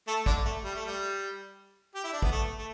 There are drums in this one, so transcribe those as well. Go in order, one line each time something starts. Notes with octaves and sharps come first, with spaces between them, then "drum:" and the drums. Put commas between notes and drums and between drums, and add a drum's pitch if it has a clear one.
A3 A4
D3 D4, drum: kick
A3
G3
A3
G3
G4
E4
D4
B3, drum: kick
A3
A3